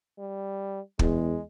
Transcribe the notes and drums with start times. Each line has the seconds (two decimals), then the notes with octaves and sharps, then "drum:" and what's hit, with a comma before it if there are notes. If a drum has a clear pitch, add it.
0.18 G3
0.99 E2 G#3, drum: kick